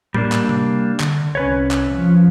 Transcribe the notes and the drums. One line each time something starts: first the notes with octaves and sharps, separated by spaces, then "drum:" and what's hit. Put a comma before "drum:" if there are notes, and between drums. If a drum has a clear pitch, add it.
G3 A#3 D4, drum: tom A2
drum: clap
drum: tom C3
D3, drum: clap
C2 C#4 B4 C#5
drum: clap
F3